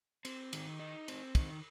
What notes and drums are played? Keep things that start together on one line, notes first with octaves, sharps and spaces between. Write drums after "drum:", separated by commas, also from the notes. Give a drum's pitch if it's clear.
C4, drum: cymbal
D#3, drum: cymbal
D#4
C4, drum: cymbal
D#3, drum: kick, cymbal